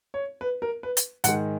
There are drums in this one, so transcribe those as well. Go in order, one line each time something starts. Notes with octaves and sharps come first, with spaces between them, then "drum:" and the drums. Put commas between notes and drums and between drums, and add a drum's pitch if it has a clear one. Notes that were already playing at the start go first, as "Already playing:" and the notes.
C#5
B4
A#4
B4
drum: hi-hat
G#2 D#3 G#3 F#5, drum: hi-hat